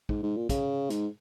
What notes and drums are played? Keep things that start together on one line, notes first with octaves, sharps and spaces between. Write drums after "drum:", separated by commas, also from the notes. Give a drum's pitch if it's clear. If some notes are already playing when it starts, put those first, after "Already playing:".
G#2, drum: kick
G#2
A#2
C#3, drum: kick, hi-hat
G#2, drum: hi-hat